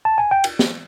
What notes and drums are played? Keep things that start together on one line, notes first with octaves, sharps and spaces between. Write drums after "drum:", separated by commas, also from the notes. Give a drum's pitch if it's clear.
A5
G#5
G5
drum: cymbal
drum: snare